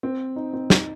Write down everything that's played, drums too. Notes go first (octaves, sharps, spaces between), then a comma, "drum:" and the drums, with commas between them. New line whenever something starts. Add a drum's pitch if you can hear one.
C4
D#4
C4
D#4, drum: snare